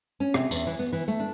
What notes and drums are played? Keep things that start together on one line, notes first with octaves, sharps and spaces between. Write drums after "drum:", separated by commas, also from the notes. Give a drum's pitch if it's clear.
C#4
C3, drum: rim click
E2, drum: tambourine
E3
B3
E3
A3
D4